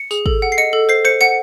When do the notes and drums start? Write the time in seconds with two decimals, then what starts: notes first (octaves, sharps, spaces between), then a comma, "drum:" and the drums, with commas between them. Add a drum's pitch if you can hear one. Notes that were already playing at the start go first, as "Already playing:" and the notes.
Already playing: C#7
0.11 G#4, drum: tambourine
0.26 A4, drum: kick
0.42 F#5
0.52 C7
0.58 D#5 C#7
0.73 A4
0.89 C5 C7
1.05 C5 C#7
1.21 F#5 C#7